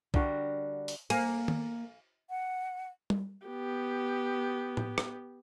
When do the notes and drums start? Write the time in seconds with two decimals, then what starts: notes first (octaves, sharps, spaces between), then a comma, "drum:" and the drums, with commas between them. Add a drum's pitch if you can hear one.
0.14 D3 G3 F#4 A#4, drum: kick
0.88 drum: open hi-hat
1.10 A#3 G#5, drum: cymbal
1.48 drum: tom D#3
2.30 F#5
3.10 drum: tom
3.47 B3 G4
4.77 drum: tom A2
4.98 drum: rim click